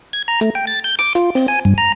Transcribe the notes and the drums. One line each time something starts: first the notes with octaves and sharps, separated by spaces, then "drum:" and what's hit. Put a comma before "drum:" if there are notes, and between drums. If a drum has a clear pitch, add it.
G#6
A#5
A3, drum: hi-hat
G5
A6
G6
D6, drum: hi-hat
F4, drum: hi-hat
C4, drum: open hi-hat
G#5
G2
A#5